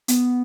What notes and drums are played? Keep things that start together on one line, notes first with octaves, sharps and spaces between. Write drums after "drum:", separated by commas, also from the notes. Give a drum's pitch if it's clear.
B3, drum: hi-hat